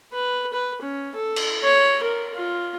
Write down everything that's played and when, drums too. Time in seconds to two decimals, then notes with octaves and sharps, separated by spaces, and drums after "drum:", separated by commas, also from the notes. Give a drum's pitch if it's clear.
0.13 B4
0.53 B4
0.81 C#4
1.15 A4
1.36 drum: cymbal
1.64 C#5
2.03 A#4
2.35 F4